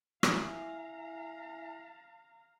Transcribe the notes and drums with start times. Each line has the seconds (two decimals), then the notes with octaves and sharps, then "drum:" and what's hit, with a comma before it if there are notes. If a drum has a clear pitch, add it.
0.23 E4 E5 F5 G#5 A#5, drum: rim click